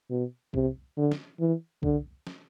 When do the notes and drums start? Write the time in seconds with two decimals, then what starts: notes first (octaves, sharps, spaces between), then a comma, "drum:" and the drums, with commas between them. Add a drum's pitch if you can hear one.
0.10 B2
0.54 C3, drum: kick C2
0.97 D3
1.12 drum: snare
1.40 E3
1.83 D3, drum: kick C2
2.27 drum: snare